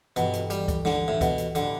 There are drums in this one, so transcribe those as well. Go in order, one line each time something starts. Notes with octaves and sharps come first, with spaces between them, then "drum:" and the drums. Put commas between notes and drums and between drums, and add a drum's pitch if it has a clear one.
G1 G2 B2 E3, drum: hi-hat
drum: hi-hat
G3, drum: hi-hat
drum: kick C#2, hi-hat
D3, drum: snare
A2
B2, drum: kick C#2, hi-hat
drum: hi-hat
A2 D3 E3 B3 D4 G4, drum: hi-hat